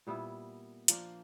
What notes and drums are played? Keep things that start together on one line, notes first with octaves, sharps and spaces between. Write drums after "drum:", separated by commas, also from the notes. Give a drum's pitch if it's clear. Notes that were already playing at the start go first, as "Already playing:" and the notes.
A#2 G3 B3 E4
F3 A#3 D4, drum: hi-hat